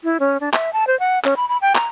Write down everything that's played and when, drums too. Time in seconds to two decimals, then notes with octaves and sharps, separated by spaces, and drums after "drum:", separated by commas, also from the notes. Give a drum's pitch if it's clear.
0.04 E4
0.20 C#4
0.40 D4
0.53 E5, drum: clap
0.73 A5
0.87 C5
1.00 F#5
1.24 C#4, drum: clap
1.37 B5
1.49 B5
1.62 G5
1.75 A#5, drum: clap